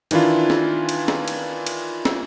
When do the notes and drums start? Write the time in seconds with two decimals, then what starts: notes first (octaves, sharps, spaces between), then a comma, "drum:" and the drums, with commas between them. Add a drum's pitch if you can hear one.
0.11 D#3 E3 D4 E4 F4, drum: cymbal
0.50 drum: snare
0.89 drum: cymbal
1.08 drum: snare
1.28 drum: cymbal
1.66 drum: cymbal
2.05 drum: snare